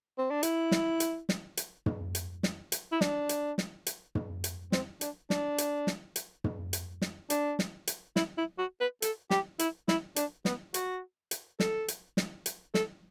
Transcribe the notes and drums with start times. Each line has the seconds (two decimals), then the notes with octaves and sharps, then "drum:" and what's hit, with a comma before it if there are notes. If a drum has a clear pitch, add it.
0.18 C4
0.31 D4
0.43 E4, drum: hi-hat
0.71 drum: snare
1.00 drum: hi-hat
1.29 drum: snare
1.57 drum: hi-hat
1.86 drum: tom
2.15 drum: hi-hat
2.43 drum: snare
2.72 drum: hi-hat
2.92 E4
3.01 D4, drum: snare
3.29 drum: hi-hat
3.58 drum: snare
3.86 drum: hi-hat
4.15 drum: tom
4.44 drum: hi-hat
4.72 C4, drum: snare
5.01 D4, drum: hi-hat
5.30 D4, drum: snare
5.58 drum: hi-hat
5.87 drum: snare
6.16 drum: hi-hat
6.44 drum: tom
6.73 drum: hi-hat
7.02 drum: snare
7.30 D4, drum: hi-hat
7.59 drum: snare
7.87 drum: hi-hat
8.16 E4, drum: snare
8.38 E4
8.59 F#4
8.80 B4
9.02 A4, drum: hi-hat
9.30 G4, drum: snare
9.59 E4, drum: hi-hat
9.88 E4, drum: snare
10.16 D4, drum: hi-hat
10.45 B3, drum: snare
10.74 F#4, drum: hi-hat
11.31 drum: hi-hat
11.60 A4, drum: snare
11.88 drum: hi-hat
12.17 drum: snare
12.46 drum: hi-hat
12.74 A4, drum: snare